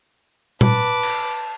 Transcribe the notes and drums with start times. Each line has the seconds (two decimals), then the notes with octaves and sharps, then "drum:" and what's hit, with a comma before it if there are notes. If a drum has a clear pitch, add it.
0.61 B4 A5 D6, drum: tom A#2
1.03 drum: cymbal